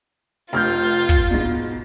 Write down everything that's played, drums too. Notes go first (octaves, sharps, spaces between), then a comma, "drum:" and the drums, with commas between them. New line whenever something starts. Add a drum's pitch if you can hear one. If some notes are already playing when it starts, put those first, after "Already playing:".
F1 F4 F6 G6
drum: kick
G#2 B2